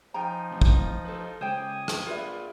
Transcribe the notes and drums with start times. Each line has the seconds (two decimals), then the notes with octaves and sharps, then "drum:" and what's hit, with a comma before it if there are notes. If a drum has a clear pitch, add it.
0.14 F3 D#4 G5 G#5 A#5
0.51 A2 C3 E3
0.61 drum: kick
1.05 A4 B4
1.41 C#3 G#3 C5 G5 G#5 D#6
1.88 drum: rim click
2.07 F4 G#4 A#4 B4 D5 E5